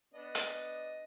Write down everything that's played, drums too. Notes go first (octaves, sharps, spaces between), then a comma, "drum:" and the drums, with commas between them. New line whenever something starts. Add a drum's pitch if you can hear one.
B3 D4 D#5
drum: hi-hat